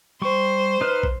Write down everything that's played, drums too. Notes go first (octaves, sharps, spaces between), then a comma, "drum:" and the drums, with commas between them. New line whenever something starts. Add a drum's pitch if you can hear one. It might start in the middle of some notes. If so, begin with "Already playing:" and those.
G3 C5 C#6
D#4 B4 F6
drum: kick